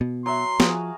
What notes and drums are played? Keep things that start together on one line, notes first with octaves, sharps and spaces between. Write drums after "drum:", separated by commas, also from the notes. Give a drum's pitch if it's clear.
B2
F#3 E5 C6
F3 F#4 G#4 F5, drum: snare